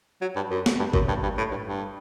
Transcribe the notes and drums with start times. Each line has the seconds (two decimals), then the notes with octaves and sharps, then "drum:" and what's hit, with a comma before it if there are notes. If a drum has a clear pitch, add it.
0.21 F#3
0.36 G2
0.50 F#2
0.66 drum: snare
0.79 G2
0.94 F#2, drum: kick
1.08 G2
1.23 G2
1.38 A2
1.51 G2
1.66 G2